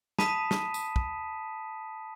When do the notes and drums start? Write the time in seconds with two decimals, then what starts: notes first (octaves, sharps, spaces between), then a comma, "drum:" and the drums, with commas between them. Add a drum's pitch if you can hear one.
0.19 A5 B5 D#6 B6 D#7 E7, drum: snare
0.51 drum: snare
0.74 drum: tambourine
0.96 drum: kick